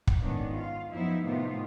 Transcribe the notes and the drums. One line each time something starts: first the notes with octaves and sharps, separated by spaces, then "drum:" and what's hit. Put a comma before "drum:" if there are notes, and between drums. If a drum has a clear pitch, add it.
drum: kick
G#2 D#3 B3 C#4 D4
F4 F5
F#2 F3 B3 D#4 E4 E5
A2 C3 D#3 A3 B3 F4